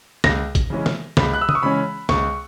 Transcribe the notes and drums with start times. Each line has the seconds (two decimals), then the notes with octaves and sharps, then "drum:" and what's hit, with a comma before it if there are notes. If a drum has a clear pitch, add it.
0.24 C#2 A#6, drum: snare
0.55 drum: kick, hi-hat
0.70 C#3 E3 G#3 C#4
0.86 drum: snare
1.17 C#2 B5, drum: snare
1.34 F#6
1.41 E6
1.49 D#6, drum: tom
1.55 C#6
1.63 C#3 E3 G#3 C#4 B5
2.09 C#2 C#6, drum: snare